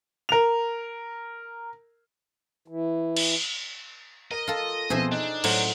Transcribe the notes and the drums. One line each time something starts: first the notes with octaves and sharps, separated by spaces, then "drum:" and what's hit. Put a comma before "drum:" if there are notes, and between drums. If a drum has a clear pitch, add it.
A#4 F7
E3
drum: cymbal
A#4 D#5
F4 A4
B2 F3 C4 G#4 C5 E5
D4 D#4
A2 F#3 C5, drum: cymbal